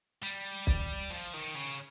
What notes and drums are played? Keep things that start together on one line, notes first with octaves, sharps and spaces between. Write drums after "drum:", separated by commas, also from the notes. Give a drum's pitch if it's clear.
G3
drum: kick
F3
D#3
C#3